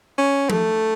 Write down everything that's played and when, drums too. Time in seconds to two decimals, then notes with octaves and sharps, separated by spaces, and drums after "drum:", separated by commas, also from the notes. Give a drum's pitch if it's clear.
0.18 C#4
0.50 A3, drum: tom F3